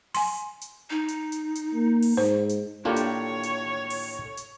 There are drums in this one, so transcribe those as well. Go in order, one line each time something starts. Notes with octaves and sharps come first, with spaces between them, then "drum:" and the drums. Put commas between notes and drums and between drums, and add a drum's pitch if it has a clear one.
G#5 C6, drum: open hi-hat
drum: hi-hat
D#4
drum: hi-hat
drum: hi-hat
drum: hi-hat
A#3
drum: open hi-hat
G#2 C5
drum: hi-hat
A2 A#3 D4 F4 G4 A4 C#5
drum: hi-hat
drum: hi-hat
drum: open hi-hat
drum: hi-hat